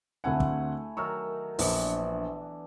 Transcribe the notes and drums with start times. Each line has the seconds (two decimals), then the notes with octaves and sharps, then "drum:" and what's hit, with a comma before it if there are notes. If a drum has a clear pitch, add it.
0.24 D2 A3 C4 E4 F#5 G#5
0.40 drum: kick
0.97 D#3 F#3 C#6 E6 F6
1.59 A#1 E3 B3 D4, drum: open hi-hat